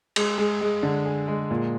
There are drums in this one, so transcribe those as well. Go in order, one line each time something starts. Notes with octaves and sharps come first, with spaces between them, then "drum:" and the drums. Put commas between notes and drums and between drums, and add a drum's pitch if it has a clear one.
G#3, drum: cymbal
G#3
G#3
D3
G#4
G#3
A#2